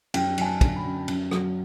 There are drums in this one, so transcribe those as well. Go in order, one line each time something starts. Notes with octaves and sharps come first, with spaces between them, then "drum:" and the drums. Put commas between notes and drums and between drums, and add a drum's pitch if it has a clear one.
F#2 G5, drum: cymbal
F#3 G#5, drum: cymbal
A5
D3, drum: kick, cymbal
B5
F#2
F#2, drum: cymbal
F#3, drum: rim click